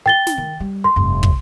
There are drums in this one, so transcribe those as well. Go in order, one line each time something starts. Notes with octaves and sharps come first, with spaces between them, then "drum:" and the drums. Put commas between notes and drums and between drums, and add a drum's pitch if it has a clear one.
G5 A6 G7
drum: snare
D#3
G3
C6
F1 G2
drum: kick